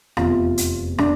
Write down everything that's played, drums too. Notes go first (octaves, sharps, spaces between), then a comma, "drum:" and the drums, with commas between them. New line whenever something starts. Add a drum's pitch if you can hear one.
F1 E2 C3 F4, drum: rim click
drum: hi-hat
D4, drum: rim click